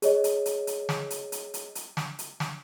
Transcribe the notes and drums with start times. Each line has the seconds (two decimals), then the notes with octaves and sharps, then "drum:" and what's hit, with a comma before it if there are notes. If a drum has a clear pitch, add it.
0.02 G#4 C#5 D#5, drum: hi-hat
0.24 drum: hi-hat
0.46 drum: hi-hat
0.67 drum: hi-hat
0.89 drum: snare
1.10 drum: hi-hat
1.32 drum: hi-hat
1.54 drum: hi-hat
1.75 drum: hi-hat
1.97 drum: snare
2.19 drum: hi-hat
2.40 drum: snare